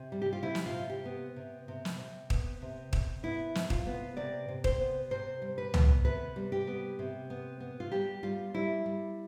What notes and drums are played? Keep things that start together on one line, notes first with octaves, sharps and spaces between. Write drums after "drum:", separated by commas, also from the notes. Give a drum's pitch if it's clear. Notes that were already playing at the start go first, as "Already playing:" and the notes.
Already playing: C3
G3
G4
F4
C3 E4
drum: snare
F4
C3
G4
B3
C3
C3
drum: snare
C3
B3, drum: kick
C3
C3, drum: kick
B3 E4
C3, drum: snare
F4, drum: kick
B3
C3 D5
C3
C5, drum: kick
B3
C3 C5
G3
B4
B3, drum: tom C#2
C3 B4
G3
G4
B3
C3
B3
B3
F4
G3 G4
G3 F4
G3 E4
G3